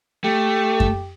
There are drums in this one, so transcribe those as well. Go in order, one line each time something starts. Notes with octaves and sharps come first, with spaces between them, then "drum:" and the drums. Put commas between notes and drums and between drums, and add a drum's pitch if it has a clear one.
A3 G4
drum: kick F#2